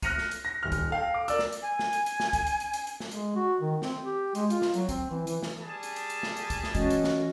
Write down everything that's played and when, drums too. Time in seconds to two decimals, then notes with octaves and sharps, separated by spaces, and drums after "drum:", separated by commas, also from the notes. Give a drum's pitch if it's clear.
0.02 F6 F#6 A#6 C#7 D#7 F7, drum: kick, hi-hat
0.18 drum: snare
0.31 drum: hi-hat
0.45 A#6
0.63 D#1 F6
0.72 drum: kick, hi-hat
0.90 A4 F5 G5
1.14 D6
1.28 A#4 D5 E6, drum: hi-hat
1.39 drum: snare
1.52 drum: hi-hat
1.62 G#5
1.79 drum: snare
1.93 drum: hi-hat
2.06 drum: hi-hat
2.20 drum: snare
2.33 drum: kick, hi-hat
2.47 drum: hi-hat
2.60 drum: hi-hat
2.74 drum: hi-hat
2.87 drum: hi-hat
3.00 drum: snare
3.11 G#3, drum: hi-hat
3.36 F#4
3.60 D#3
3.82 C4, drum: snare
4.02 G4
4.35 G#3, drum: hi-hat
4.50 F4, drum: hi-hat
4.62 drum: snare
4.74 F#3, drum: hi-hat
4.89 C4, drum: kick, hi-hat
5.10 E3
5.27 E3, drum: hi-hat
5.42 drum: snare
5.61 G3 G#4 A5
5.83 drum: hi-hat
5.96 drum: hi-hat
6.10 drum: hi-hat
6.23 drum: snare
6.37 drum: hi-hat
6.50 drum: kick, hi-hat
6.64 drum: snare
6.75 E3 C#4 F#4 D#5, drum: hi-hat
6.90 drum: hi-hat
7.04 drum: snare